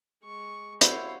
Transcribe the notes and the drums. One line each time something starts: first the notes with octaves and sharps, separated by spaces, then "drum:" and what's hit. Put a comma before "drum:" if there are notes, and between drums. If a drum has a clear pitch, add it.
G#3 C#6
E4 F#4 G4 C5 C#5 F5, drum: hi-hat